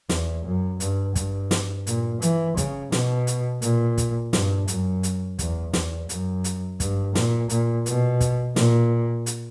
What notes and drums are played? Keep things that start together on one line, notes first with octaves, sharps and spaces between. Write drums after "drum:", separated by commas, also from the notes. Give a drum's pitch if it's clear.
E2, drum: snare
F#2
G2, drum: hi-hat
G2, drum: kick, hi-hat
drum: snare
A#2, drum: hi-hat
E3, drum: hi-hat
C#3, drum: kick, hi-hat
B2, drum: snare
drum: hi-hat
A#2, drum: hi-hat
drum: kick, hi-hat
G2, drum: snare
F#2, drum: hi-hat
drum: hi-hat
E2, drum: kick, hi-hat
E2, drum: snare
F#2, drum: hi-hat
drum: hi-hat
G2, drum: kick, hi-hat
A#2, drum: snare
A#2, drum: hi-hat
B2, drum: hi-hat
drum: kick, hi-hat
A#2, drum: snare
drum: hi-hat